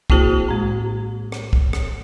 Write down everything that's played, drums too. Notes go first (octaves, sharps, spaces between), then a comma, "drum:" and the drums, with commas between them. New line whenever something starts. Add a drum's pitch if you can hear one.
A#3 C4 E4 F#4 G#4 C5, drum: kick
A2 G#3
drum: rim click
drum: kick
drum: rim click